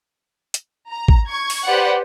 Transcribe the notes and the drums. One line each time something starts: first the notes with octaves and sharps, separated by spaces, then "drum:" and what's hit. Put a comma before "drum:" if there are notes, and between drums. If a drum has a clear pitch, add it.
drum: hi-hat
A#5
drum: kick
C#6 G#6
drum: open hi-hat
G4 B4 C5 D5 F#5